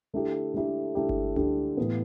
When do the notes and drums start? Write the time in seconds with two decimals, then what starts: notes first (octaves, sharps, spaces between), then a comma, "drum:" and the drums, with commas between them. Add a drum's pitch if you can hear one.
0.14 D3 A3 E4 G4
0.54 D3 A3 E4 G4
0.95 D3 A3 E4 G4
1.09 drum: kick G1
1.36 D3 A3 E4 G4, drum: tom C#2
1.77 A2 E3 B3